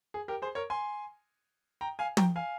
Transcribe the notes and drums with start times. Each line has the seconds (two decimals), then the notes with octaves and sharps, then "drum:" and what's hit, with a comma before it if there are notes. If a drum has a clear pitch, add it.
0.14 G#4
0.28 G4 A#4
0.42 G#4 C5
0.55 A#4 C#5
0.70 G#5 C6
1.81 G5 A#5
1.99 F5 G#5
2.17 G5 A#5, drum: tom
2.36 F5 G#5